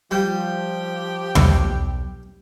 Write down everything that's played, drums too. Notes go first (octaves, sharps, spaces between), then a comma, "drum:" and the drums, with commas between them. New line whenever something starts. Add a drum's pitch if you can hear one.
F3 G3 G4
B1, drum: tom D#2